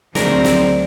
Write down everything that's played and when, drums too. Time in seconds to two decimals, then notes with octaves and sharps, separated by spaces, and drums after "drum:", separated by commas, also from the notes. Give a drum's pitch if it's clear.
0.15 D2 F#3 C4 G#4 A#4 D5 A#5, drum: snare
0.44 drum: snare